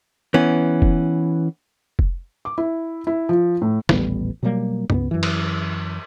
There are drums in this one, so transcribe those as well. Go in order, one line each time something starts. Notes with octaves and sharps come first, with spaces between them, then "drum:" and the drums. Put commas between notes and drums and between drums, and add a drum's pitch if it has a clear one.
E3 B3 C#4
drum: kick F1
drum: kick F1
D6
E4
E4
F3
A2
D#1 A1 G3 B3, drum: snare
B2 F#3 G3 A#3
C#2 G#3 B3, drum: tom
F#2 E3
drum: cymbal